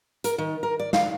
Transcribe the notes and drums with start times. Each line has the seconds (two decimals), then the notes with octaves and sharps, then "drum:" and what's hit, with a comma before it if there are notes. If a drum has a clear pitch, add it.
0.24 A#4, drum: hi-hat
0.38 D#3
0.63 A#4
0.79 D5
0.93 F5, drum: snare